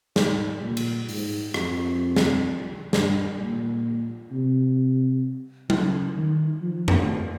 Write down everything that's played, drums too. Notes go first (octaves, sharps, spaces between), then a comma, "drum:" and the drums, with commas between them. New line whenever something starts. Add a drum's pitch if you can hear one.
G#2, drum: snare
A#2
drum: cymbal
G#2, drum: open hi-hat
F2, drum: rim click
drum: snare
G2, drum: snare
A#2
C3
C#3, drum: tom F#3
D#3
F3
drum: tom F2